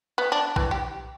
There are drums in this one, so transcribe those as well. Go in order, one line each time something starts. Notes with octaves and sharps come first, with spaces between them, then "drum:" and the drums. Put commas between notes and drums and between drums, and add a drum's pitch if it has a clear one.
B3
D4
E3, drum: kick A#1
G4